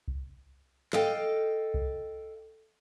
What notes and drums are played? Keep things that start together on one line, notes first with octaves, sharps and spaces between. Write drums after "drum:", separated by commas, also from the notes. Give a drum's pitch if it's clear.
drum: kick C2
A4 D#5 F5 G5, drum: clap
drum: kick C2